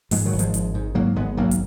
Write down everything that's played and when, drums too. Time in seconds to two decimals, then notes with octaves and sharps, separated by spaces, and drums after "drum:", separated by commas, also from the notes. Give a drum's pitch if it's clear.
0.11 G#2 F3 G#3, drum: open hi-hat
0.25 D#3 F#3
0.33 G#1
0.39 F3 G#3, drum: hi-hat
0.54 G#1, drum: hi-hat
0.74 G#2
0.95 G#2 F#3 A#3
1.16 G#1 G#3 B3
1.37 B1 F#3 A#3
1.51 drum: hi-hat